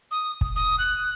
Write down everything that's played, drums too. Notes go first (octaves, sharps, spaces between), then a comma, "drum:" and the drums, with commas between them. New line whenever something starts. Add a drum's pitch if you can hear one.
D#6
drum: kick
D#6
F#6